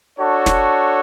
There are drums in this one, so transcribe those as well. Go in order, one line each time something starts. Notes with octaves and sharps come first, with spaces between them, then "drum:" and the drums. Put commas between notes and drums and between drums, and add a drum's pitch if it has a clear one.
D4 F#4 A4 C#5
drum: snare